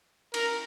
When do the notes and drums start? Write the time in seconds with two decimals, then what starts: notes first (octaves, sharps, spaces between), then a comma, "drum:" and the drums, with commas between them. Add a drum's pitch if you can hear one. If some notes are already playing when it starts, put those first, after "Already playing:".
0.34 A#4, drum: cymbal